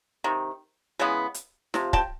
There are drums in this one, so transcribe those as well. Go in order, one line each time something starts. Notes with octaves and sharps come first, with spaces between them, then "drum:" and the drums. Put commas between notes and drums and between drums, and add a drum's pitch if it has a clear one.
C3 D#3
C#3 E3 G#3 B3
drum: hi-hat
C3 F3, drum: snare
G5 A5, drum: kick